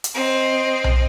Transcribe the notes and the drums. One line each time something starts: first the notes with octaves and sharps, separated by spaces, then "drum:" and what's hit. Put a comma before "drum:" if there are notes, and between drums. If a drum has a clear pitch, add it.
drum: hi-hat
C4 D#5
drum: tom B1